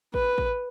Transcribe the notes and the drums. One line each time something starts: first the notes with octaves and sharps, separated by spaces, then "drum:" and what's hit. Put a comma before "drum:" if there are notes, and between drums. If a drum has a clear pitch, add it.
B4, drum: kick A1
drum: kick A1